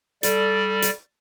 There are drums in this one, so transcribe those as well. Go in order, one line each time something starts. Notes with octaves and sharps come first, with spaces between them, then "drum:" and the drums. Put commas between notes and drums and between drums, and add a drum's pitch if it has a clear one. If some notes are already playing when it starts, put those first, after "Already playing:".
G3 A4 D5, drum: hi-hat
drum: hi-hat